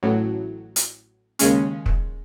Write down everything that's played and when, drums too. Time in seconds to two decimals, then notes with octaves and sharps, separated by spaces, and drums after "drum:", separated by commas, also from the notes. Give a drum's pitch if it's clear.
0.03 A1 A2 F#3
0.76 drum: hi-hat
1.39 D#2 C#3 G#3 C#4, drum: hi-hat
1.86 drum: kick